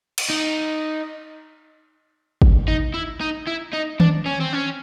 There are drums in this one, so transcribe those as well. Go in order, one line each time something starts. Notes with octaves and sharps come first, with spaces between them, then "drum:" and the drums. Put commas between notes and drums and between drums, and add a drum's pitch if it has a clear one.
drum: cymbal
D#4
drum: kick
D#4
E4
D#4
E4
D#4
D4, drum: tom D#3
C#4
C4
C#4